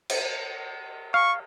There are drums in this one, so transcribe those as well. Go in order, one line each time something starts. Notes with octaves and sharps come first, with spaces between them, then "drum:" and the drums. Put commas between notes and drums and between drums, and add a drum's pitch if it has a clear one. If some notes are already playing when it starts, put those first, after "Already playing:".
drum: cymbal
F5 C#6